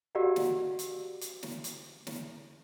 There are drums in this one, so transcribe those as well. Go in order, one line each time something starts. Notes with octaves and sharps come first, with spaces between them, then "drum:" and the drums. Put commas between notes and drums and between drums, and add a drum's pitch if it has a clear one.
F#4 G4 A#4 D5 F5 F#5
drum: snare
drum: hi-hat
drum: hi-hat
drum: snare
drum: hi-hat
drum: snare